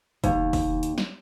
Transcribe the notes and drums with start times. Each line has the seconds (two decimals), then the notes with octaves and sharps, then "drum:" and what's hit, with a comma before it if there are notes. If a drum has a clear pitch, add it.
0.24 D#2, drum: kick, hi-hat
0.53 drum: kick, open hi-hat
0.83 drum: hi-hat
0.98 drum: snare